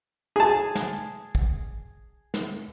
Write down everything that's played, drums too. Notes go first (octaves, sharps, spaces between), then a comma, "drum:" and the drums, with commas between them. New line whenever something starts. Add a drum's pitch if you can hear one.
G#4 A5
drum: snare
drum: kick
drum: snare